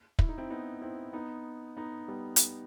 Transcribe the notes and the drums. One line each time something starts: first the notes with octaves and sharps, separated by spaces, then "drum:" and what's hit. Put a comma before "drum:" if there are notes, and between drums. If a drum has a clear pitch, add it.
E4, drum: kick
D#4
C4 E4
B3 D#4
C4 E4
B3 D#4
B3 D#4
G3 B3
drum: hi-hat